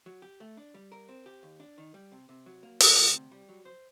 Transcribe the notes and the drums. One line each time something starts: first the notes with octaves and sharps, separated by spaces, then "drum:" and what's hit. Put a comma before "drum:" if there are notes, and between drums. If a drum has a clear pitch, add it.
F#3
G4
A3
D4
G3
A#4
C4
G4
D#2
D4
D#3
G3
C3
C3
F#3
A#3
D2, drum: open hi-hat
D2
C3
G3
F#3
C5